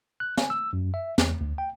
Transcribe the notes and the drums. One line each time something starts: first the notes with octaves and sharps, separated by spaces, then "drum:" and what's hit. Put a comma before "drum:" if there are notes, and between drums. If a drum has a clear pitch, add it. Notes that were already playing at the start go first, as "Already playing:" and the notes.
F#6
G#5, drum: snare
E6
F#2
E5
E2, drum: snare
D2
G5